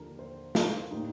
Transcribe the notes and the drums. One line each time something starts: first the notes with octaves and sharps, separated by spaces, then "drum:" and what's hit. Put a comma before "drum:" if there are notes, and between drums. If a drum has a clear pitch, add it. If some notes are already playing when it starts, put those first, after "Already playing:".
Already playing: D#2 D3 F3 G4 A4 A#4
C5
F4, drum: snare
A2 G3 A#3 D#4